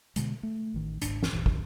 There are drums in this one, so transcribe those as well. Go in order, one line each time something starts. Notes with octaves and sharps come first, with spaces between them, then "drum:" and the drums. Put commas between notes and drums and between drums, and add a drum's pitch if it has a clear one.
B2 D3 G#3, drum: hi-hat
A3
A1 D#3
G1 C#2 G#2 D4, drum: hi-hat
drum: snare
G1 D#2 A#2 E3
D2, drum: kick